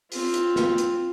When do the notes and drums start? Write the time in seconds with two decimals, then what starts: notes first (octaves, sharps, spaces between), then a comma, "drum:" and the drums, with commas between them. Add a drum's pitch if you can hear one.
0.12 C4 F4, drum: open hi-hat
0.34 drum: hi-hat
0.56 drum: snare
0.78 drum: hi-hat